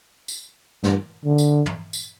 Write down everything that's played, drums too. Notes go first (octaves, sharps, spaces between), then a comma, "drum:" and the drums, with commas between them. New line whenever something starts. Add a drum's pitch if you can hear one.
drum: tambourine
G2, drum: snare
D3
drum: tambourine
drum: tom
drum: tambourine